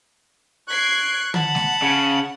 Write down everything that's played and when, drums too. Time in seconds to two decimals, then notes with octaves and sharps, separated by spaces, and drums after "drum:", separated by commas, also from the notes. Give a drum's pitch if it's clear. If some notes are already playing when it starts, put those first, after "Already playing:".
0.68 C#6 F#6 G#6 C7 D7
1.34 F#5 A5 B5, drum: tom
1.55 drum: snare G#3
1.82 C#3